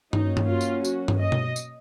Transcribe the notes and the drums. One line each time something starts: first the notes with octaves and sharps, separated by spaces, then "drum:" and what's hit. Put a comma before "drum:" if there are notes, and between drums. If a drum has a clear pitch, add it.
F#3 A#3 C#4 D#4, drum: tom G2
drum: tom G2
F4
drum: tambourine
F#4, drum: tambourine
drum: tom G2
D#5
drum: tom B2
drum: tambourine